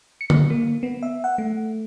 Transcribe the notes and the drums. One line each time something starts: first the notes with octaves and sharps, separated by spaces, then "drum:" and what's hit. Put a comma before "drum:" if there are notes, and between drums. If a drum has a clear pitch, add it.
C#7
drum: tom D3
A#3
B3
E5
F#5
A3